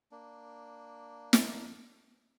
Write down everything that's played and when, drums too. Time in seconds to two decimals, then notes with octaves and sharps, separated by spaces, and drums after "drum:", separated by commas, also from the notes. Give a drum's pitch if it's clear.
0.12 A#3 D4
1.33 drum: snare